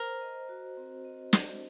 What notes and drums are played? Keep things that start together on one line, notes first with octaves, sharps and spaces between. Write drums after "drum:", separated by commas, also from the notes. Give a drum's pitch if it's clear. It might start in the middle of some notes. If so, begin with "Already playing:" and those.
Already playing: A#4 C5
D#5
F#4
C4
D#5
drum: snare